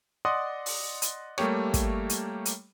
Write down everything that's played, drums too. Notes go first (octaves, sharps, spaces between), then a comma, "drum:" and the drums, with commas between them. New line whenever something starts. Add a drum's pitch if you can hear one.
D5 D#5 F#5 C6 D#6
drum: open hi-hat
drum: hi-hat
G3 A3 A#3 G4 C#5, drum: rim click
drum: kick, hi-hat
drum: hi-hat
drum: hi-hat